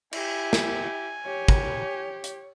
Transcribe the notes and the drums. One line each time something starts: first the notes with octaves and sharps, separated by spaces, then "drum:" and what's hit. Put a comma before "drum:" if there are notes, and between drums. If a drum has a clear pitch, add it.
E4 G4 G#5, drum: cymbal
drum: snare
G4 C#5
drum: kick
drum: hi-hat